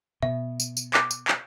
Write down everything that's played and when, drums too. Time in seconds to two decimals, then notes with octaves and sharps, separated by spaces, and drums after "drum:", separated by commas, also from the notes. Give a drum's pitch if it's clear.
0.23 B2 E5
0.60 drum: tambourine
0.77 drum: tambourine
0.94 D6 F#6, drum: clap
1.11 drum: tambourine
1.28 drum: clap